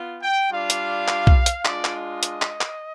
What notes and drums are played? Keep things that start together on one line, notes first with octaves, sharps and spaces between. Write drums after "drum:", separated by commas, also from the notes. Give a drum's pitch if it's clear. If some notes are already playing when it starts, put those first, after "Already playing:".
Already playing: B3 F4
G5
G3 D4 F4 F5
drum: hi-hat
drum: clap
drum: kick B1
drum: hi-hat
G#3 D4 F4 D5, drum: clap
drum: clap
D#5
drum: hi-hat
drum: clap
drum: clap